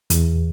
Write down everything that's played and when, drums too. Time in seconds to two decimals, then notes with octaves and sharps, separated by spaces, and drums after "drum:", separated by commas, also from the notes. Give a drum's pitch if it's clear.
0.10 E2, drum: hi-hat